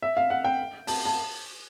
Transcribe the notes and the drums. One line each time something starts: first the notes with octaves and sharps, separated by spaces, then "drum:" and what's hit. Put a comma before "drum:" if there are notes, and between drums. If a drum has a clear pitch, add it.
E5
F5
F#5
G5
A5, drum: open hi-hat
A5